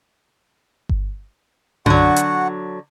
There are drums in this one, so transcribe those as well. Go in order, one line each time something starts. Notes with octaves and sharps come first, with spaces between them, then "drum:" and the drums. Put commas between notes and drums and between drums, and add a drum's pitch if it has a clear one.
drum: kick G1
D3 F#3 F#4 F#5, drum: tom F#2
drum: hi-hat